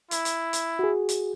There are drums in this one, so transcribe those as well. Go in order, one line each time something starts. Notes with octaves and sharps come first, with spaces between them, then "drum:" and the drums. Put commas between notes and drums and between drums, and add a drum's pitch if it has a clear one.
E4, drum: hi-hat
drum: hi-hat
drum: hi-hat
F#4 G#4
drum: hi-hat